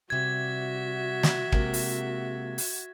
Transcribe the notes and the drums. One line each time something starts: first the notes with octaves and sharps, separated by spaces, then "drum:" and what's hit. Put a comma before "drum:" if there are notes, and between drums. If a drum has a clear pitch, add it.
C3 G3 F#4 E5 G#6
drum: snare
C3 G#3 A#3, drum: kick
drum: open hi-hat
drum: open hi-hat